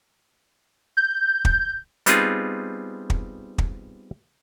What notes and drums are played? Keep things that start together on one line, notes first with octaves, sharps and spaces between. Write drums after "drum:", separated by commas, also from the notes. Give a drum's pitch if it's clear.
G6
drum: kick
G3 B3 C4 D#4 F4 G#4, drum: hi-hat
drum: kick
drum: kick